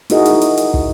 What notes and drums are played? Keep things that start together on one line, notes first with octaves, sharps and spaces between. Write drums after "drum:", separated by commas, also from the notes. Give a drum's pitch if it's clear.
D#4 E4 F#4 G#4 A#4 D#5, drum: hi-hat
drum: hi-hat
drum: hi-hat
drum: hi-hat
drum: kick